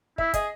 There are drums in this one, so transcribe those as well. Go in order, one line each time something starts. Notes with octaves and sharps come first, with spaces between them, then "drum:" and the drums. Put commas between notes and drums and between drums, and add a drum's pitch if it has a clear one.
E4 E5, drum: kick
G#4 D#5, drum: kick, hi-hat